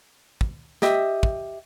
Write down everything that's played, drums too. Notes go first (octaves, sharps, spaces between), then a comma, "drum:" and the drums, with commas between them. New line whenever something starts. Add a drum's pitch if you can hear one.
drum: kick
G4 D#5 E5, drum: snare
drum: kick